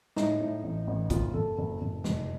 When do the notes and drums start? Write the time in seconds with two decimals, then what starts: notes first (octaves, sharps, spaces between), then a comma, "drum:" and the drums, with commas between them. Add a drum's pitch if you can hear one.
0.16 A2 D#4, drum: snare
0.40 A2
0.63 A1
0.87 A1
1.10 F#1 F4, drum: kick A#1, hi-hat
1.34 F#1 A4
1.58 F#1
1.81 F#1
2.04 F1, drum: snare